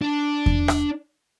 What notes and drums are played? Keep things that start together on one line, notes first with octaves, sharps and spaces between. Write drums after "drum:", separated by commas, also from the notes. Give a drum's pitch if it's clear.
D4
drum: kick E2
drum: rim click